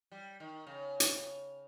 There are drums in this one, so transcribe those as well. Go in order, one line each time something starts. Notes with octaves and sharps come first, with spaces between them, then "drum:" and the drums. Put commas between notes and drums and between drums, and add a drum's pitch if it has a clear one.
G3
D#3
C#3
drum: hi-hat